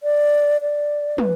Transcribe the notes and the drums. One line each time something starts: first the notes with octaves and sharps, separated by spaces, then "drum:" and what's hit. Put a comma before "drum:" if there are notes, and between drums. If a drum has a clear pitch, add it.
D5
D5
B4, drum: tom